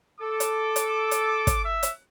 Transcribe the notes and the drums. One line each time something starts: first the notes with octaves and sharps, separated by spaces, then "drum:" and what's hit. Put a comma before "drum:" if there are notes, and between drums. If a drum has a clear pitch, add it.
A4 D6
drum: hi-hat
drum: hi-hat
drum: hi-hat
drum: kick, hi-hat
E5
drum: hi-hat